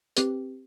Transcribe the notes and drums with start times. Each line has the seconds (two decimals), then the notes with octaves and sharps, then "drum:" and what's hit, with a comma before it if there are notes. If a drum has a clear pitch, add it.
0.17 C4 G4 B4, drum: hi-hat